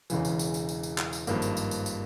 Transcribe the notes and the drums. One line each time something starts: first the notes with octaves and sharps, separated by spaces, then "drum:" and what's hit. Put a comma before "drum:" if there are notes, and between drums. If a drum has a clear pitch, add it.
E1 E2 C#3 E3, drum: tambourine
drum: tambourine
drum: tambourine
drum: tambourine
drum: tambourine
drum: tambourine
drum: clap
drum: tambourine
G#1 G2 F3 A#3, drum: tambourine
drum: tambourine
drum: tambourine
drum: tambourine
drum: tambourine